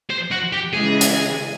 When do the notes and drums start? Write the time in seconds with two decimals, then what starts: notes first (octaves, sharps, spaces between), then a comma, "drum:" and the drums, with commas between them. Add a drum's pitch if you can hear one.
0.10 C5
0.31 F#4
0.53 G4
0.73 C#3 E3 G#3 G#4
1.01 drum: hi-hat